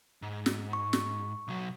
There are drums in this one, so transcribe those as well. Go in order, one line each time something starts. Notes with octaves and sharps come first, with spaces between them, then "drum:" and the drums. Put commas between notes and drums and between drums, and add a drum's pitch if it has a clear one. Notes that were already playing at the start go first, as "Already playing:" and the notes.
G#2
drum: snare
C#6
drum: snare
B1 F#3